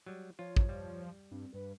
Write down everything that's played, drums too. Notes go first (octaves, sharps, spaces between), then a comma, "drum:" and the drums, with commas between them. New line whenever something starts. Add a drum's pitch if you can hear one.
F#3 G3
F3 F4 C#5
drum: kick
G3
G2 C4
G2 B4